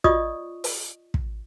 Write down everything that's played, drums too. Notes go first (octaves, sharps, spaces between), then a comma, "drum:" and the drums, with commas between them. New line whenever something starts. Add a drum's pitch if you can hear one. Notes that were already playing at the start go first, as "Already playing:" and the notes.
F4 D5 D#5 C#6 D#6, drum: kick
drum: open hi-hat
drum: kick